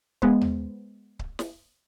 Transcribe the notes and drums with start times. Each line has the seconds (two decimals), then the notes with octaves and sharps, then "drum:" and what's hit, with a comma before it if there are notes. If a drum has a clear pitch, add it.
0.22 G#3 B3 C5, drum: kick C#1
0.41 drum: tom D#2
1.19 drum: kick C#1
1.39 drum: snare